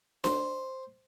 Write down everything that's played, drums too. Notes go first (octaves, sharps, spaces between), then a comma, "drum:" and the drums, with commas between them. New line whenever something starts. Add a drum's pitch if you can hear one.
C5, drum: snare D4